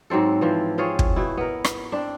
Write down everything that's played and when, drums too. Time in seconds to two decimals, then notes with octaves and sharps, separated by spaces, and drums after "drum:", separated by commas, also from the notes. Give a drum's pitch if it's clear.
0.10 G#2 F#3 C4 A4
0.41 E3 F3 C4
0.78 C4 F4 G#4 C#5
0.99 drum: kick
1.16 B2 E4
1.37 B3 A#4
1.64 drum: rim click
1.92 C4 D4